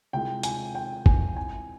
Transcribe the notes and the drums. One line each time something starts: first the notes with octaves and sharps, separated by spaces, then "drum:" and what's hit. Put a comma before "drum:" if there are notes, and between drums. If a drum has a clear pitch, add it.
C2 C3 F3 G#3 G5
G#5, drum: hi-hat
G5
G#5, drum: kick
G#5